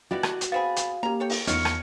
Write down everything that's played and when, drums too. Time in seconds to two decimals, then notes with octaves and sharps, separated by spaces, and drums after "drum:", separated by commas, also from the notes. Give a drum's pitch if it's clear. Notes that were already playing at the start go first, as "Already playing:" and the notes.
0.11 B2 E4 F#4 G4 D5
0.23 drum: rim click
0.41 drum: hi-hat
0.52 B3 C4 G#4 F5 B5 A6
0.76 drum: hi-hat
1.03 A#3 C#4 G4 A#5
1.20 A4 C#5 G5
1.30 drum: open hi-hat
1.47 E2 B3 D#4 F4 C#5 F6 C#7, drum: hi-hat
1.65 drum: rim click